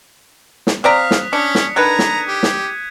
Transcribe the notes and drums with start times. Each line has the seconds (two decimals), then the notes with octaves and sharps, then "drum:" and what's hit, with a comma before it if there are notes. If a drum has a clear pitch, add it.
0.67 drum: snare
0.84 C4 D5 F5 A#5 D#6 F#6 B6
1.11 drum: snare
1.33 C#4 D4 D#6 C#7
1.55 drum: snare
1.76 D3 D#3 B4 A#5 F#6 G#6 D#7
1.99 drum: snare
2.27 G4
2.43 drum: snare